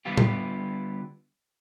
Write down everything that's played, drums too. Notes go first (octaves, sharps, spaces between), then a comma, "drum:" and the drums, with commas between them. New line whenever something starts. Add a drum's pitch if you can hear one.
D3 G3 B3 E4 F4 G4
drum: tom